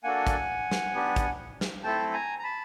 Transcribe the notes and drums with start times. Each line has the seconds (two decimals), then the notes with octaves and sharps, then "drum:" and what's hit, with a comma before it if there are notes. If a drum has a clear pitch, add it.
0.04 A#3 D4 F#4 A4 F#5 G#5
0.27 drum: kick, hi-hat
0.71 drum: snare
0.94 B3 D4 G4
1.16 drum: kick, hi-hat
1.61 drum: snare
1.84 A3 C4 E4 A4 G5 A5
2.13 G#5 A#5
2.39 A#5
2.43 A5 B5